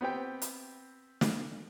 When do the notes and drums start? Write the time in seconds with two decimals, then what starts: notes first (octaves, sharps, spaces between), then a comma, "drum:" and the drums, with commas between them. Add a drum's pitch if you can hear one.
0.01 B3 C4 G4 G5
0.42 drum: hi-hat
1.21 drum: snare